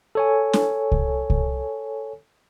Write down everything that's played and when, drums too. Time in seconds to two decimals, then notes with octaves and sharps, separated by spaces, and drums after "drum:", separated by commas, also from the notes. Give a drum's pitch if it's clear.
0.15 A4 C#5 G#5
0.53 drum: snare
0.92 drum: kick C2
1.30 drum: kick C2